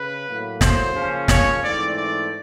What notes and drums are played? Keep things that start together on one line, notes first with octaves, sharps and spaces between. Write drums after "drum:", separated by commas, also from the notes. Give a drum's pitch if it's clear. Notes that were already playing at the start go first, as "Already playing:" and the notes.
Already playing: C#3 B4
A2 F#3 A#3
C5, drum: snare
C#3 F3 A#3 C#4
C#5, drum: snare
G#2 E3 A3 C4 D5
D5